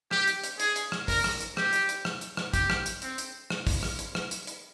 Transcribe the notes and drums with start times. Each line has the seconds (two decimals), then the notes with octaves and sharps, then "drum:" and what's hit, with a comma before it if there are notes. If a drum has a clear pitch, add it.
0.11 G4, drum: rim click
0.27 drum: hi-hat
0.44 drum: hi-hat
0.60 G#4, drum: hi-hat
0.76 drum: hi-hat
0.92 drum: rim click
1.08 A#4, drum: kick, open hi-hat
1.24 drum: rim click
1.40 drum: hi-hat
1.57 G4, drum: rim click
1.73 drum: hi-hat
1.89 drum: hi-hat
2.05 drum: rim click
2.21 drum: hi-hat
2.37 drum: rim click
2.53 G4, drum: kick, hi-hat
2.70 drum: rim click
2.86 drum: hi-hat
3.02 C4, drum: hi-hat
3.18 drum: hi-hat
3.50 drum: rim click
3.67 drum: kick, open hi-hat
3.83 drum: rim click
3.99 drum: hi-hat
4.15 drum: rim click
4.31 drum: hi-hat
4.47 drum: hi-hat